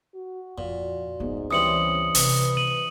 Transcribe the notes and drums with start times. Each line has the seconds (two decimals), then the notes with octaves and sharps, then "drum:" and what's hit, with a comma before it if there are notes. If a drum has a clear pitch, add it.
0.16 F#4
0.58 F2 A#2
1.20 C#2 G#2 B3
1.51 E3 G3 C4 C#4 D#6 C#7 F#7
2.15 C3 C#4 B4, drum: open hi-hat
2.57 D#7 F#7